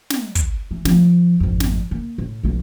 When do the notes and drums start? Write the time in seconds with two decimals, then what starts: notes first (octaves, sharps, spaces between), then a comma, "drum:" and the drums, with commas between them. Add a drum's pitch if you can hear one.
0.10 drum: snare
0.35 drum: kick, hi-hat
0.71 E3
0.85 F3, drum: snare
1.40 G#1 F2
1.60 drum: snare
1.91 A#3
2.18 A2
2.43 B1 F2